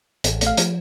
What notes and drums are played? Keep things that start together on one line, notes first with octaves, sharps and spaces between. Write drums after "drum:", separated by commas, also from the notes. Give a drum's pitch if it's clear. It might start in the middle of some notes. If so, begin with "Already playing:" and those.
A1, drum: hi-hat
A3, drum: hi-hat
F5
F3, drum: hi-hat